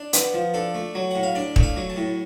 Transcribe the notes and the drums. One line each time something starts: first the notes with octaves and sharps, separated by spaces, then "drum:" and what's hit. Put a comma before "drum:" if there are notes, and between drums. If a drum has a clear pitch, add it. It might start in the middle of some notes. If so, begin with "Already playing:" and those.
Already playing: D4
B3, drum: hi-hat
F3
D4 A4
A3
F#3
A2 F#5
F5
D4 D5
A3, drum: kick
F5
F#3
A5
A2